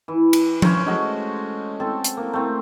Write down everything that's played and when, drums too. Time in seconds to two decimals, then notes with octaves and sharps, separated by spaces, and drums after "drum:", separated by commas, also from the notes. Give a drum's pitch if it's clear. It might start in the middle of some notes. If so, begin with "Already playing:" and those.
0.08 E3
0.33 drum: cymbal
0.62 C#4 C5 C#5, drum: tom F3
0.86 G#3 A3 F#4
1.80 C4 A4
2.04 drum: hi-hat
2.17 A#3
2.33 A3 C4